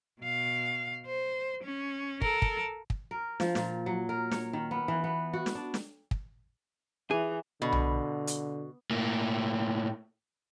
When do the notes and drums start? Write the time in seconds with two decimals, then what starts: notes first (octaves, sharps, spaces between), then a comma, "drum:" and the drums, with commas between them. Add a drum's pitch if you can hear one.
0.21 B2 F5
1.06 C5
1.64 C#4
2.22 A4 A#4, drum: kick
2.42 drum: kick
2.90 drum: kick
3.11 A#4
3.40 F3, drum: snare
3.55 A#2, drum: snare
3.86 F#3
4.09 A#4
4.31 C#5, drum: snare
4.53 D#3
4.71 B3
4.88 E3
5.04 B3
5.33 F#4
5.46 drum: snare
5.55 D4
5.74 drum: snare
6.11 drum: kick
7.11 E3 G#4
7.62 B2 D3
7.72 drum: tom B1
8.27 drum: hi-hat
8.91 A2 A#3